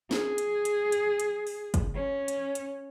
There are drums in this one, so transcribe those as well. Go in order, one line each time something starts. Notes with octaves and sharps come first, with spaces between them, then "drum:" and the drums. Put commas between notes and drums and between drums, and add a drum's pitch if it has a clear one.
G#4, drum: snare
drum: hi-hat
drum: hi-hat
drum: hi-hat
drum: hi-hat
drum: open hi-hat
drum: kick, hi-hat
C#4
drum: hi-hat
drum: hi-hat